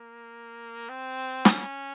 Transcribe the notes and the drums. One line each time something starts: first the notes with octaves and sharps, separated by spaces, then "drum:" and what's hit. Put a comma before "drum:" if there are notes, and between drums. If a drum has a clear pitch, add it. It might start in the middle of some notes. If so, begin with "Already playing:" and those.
Already playing: A#3
C4
C#4, drum: snare